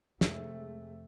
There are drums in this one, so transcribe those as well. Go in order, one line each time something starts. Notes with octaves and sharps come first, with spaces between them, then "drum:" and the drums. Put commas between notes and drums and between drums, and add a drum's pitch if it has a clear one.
F2 C3 G#3 A3, drum: snare